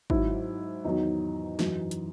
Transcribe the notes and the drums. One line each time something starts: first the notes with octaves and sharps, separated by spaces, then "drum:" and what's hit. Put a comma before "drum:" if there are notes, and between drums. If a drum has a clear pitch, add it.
G#2 F#3 E4, drum: kick
E2 D#3 F#3 D#4
F#2 E3, drum: snare
drum: hi-hat